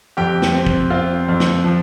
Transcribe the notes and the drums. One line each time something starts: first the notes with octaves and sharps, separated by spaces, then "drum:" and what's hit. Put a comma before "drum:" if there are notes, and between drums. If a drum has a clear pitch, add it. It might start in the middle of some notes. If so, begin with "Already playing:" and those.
F2 G4 G5
drum: snare
C4
drum: kick
C4 F4 F5
F2
drum: snare
F3